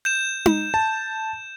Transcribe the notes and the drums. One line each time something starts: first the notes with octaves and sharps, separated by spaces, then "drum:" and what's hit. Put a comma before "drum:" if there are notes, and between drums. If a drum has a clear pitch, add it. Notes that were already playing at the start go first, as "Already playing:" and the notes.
G6 E7
drum: tom D#4
A5